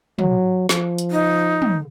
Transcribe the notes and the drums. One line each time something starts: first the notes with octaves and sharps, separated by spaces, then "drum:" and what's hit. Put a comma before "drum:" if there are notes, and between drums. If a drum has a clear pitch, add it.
F#3, drum: tom
F3, drum: snare
drum: hi-hat
D#4
drum: tom